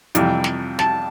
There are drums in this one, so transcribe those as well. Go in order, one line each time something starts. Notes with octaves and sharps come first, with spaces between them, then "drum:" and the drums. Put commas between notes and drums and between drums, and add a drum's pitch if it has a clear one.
F2 C3 E3 G3, drum: hi-hat
drum: snare
A5, drum: snare